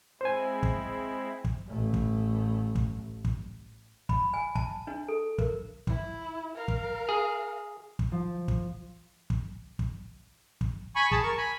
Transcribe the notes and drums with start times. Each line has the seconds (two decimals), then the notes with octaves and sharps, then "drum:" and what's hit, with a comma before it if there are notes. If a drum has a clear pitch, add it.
0.21 G#3 C4 E4 C5 G#5
0.63 drum: kick
1.45 drum: kick
1.68 A1 A3
1.94 drum: kick
2.75 drum: kick
3.25 drum: kick
4.09 B5, drum: kick
4.33 G#5
4.55 A5, drum: kick
4.87 D4
5.08 A4
5.38 A#4, drum: kick
5.87 E4, drum: kick
6.56 A#4 F5
6.68 drum: kick
7.09 G#4
7.99 drum: kick
8.12 F3
8.48 drum: kick
9.30 drum: kick
9.79 drum: kick
10.61 drum: kick
10.96 G#5 B5 C#6
11.11 G#4 A5, drum: kick
11.23 A#4 C#6
11.38 G#5 B5